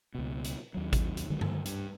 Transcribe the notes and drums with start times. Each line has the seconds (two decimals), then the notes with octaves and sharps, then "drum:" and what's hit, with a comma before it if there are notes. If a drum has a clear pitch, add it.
0.15 C#2 B2
0.44 drum: hi-hat
0.74 D#2 F#3
0.93 drum: kick G#1, hi-hat
1.17 drum: hi-hat
1.30 D3 D#3 F#3 G#3
1.41 drum: tom G2
1.65 G2, drum: hi-hat